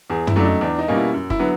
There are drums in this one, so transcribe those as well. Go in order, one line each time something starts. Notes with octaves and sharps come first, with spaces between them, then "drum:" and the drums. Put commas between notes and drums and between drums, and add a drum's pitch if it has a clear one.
E2 G#4
E4, drum: tom
C#3 F#3 A3 D4
D#4
E2 D4
D#4
B2 G3 A#3 C#4
E4
F#2
E4, drum: kick F#1
D3 F#3 B3